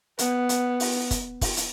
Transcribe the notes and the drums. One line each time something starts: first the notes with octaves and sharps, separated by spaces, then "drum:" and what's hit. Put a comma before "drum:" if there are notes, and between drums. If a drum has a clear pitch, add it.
B3, drum: hi-hat
drum: hi-hat
drum: open hi-hat
drum: kick, hi-hat
drum: kick, open hi-hat
drum: hi-hat